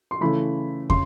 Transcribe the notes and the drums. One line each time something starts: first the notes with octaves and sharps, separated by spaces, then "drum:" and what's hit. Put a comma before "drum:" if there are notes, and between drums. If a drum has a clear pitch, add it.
C6
C#3 E3 A3 B5
C#3 C6, drum: kick